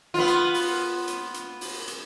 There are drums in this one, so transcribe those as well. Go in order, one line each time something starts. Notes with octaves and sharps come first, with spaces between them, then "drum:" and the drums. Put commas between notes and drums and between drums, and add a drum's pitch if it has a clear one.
B3 F4
drum: hi-hat
drum: open hi-hat
drum: hi-hat
drum: hi-hat
drum: open hi-hat
drum: hi-hat